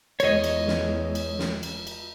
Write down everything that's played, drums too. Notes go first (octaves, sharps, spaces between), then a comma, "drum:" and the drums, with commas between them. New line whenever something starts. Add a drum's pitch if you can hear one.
E2 G#3 C#5 D#5, drum: cymbal
drum: cymbal
drum: snare
drum: cymbal
drum: snare
drum: cymbal
drum: cymbal